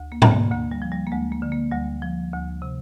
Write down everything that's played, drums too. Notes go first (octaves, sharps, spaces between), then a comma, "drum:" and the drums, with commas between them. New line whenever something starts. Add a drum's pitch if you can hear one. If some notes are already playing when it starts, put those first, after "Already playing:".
Already playing: D2
A#3
D3, drum: tom G#2
A#3
D2 A#3
G3
F3
G3
A#3
D2 G#3
A#3
D3
A#3
D2 G3
F3
D2
C3